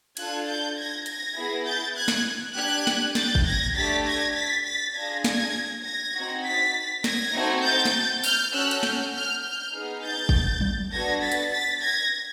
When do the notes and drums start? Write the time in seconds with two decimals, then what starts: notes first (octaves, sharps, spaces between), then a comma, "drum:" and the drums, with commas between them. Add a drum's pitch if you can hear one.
0.17 D4 F4 A4 F#6 G#6, drum: cymbal
0.46 G6 A6
0.76 G#6 A#6
1.06 G#6 A#6, drum: hi-hat
1.36 B3 E4 G#4
1.66 G6 A6
1.95 F#6 G#6
2.08 drum: snare
2.56 D4 G4 F#6 G#6
2.87 drum: snare
3.15 G6 A6, drum: snare
3.35 drum: kick
3.45 G#6 A#6
3.75 A3 D4 G4 A6 B6
4.05 G#6 A#6
4.35 A6 B6
4.65 A6 B6
4.94 D4 F4 G#4 G#6 A#6
5.24 G#6 A#6, drum: snare
5.85 G#6 A#6
6.14 C4 D#4 F#4
6.44 A6 B6
7.04 G#6 A#6, drum: snare
7.34 A3 C4 D#4 F#4
7.64 G6 A6
7.85 drum: snare
8.23 F6 G6, drum: tambourine
8.53 C#4 F#4 A4 E6 F#6
8.71 drum: cymbal
8.83 F6 G6, drum: snare
9.13 F6 G6
9.43 F6 G6
9.73 B3 D#4 G#4
10.03 G6 A6
10.29 drum: kick
10.61 drum: tom F#3
10.92 B3 D4 F#4 A4 G#6 A#6
11.22 A6 B6
11.32 drum: hi-hat
11.52 A6 B6
11.82 G#6 A#6